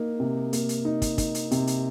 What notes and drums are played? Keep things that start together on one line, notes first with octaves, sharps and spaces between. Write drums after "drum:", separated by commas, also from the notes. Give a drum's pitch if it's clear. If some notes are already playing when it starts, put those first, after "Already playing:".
Already playing: A#3 D#4
C3
A#3, drum: hi-hat
drum: hi-hat
D#4
drum: kick, hi-hat
D#4, drum: kick, hi-hat
drum: hi-hat
C3, drum: hi-hat
drum: hi-hat